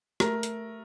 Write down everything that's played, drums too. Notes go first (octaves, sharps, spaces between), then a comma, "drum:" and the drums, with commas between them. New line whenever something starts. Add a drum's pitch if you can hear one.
A3 A#4, drum: rim click
drum: hi-hat